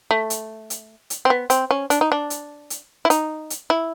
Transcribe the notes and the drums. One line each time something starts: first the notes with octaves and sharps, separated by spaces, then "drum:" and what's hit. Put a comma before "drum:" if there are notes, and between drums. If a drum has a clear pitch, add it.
A3
drum: hi-hat
drum: hi-hat
drum: hi-hat
C4
B3
C4, drum: hi-hat
C#4
D4, drum: hi-hat
D#4
D4
drum: hi-hat
drum: hi-hat
E4
D#4, drum: hi-hat
drum: hi-hat
E4